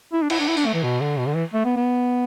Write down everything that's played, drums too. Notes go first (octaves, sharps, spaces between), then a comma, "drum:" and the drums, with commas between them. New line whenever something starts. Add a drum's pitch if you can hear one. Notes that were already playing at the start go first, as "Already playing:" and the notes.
E4
D4
E4, drum: cymbal
D4
E4
D4, drum: tambourine
A3
E3
B2
D3
B2
D3
E3
A3
B3
B3